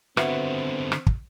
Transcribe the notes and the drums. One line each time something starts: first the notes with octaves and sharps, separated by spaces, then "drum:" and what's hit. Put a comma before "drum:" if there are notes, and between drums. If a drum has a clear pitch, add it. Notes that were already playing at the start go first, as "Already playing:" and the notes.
D3 B3 C4 E4 F#4 B4, drum: rim click
drum: rim click
drum: kick